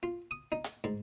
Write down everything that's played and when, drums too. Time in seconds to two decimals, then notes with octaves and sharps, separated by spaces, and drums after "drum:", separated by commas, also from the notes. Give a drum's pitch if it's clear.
0.03 F4
0.31 D#6
0.52 D#4
0.64 drum: hi-hat
0.84 G#2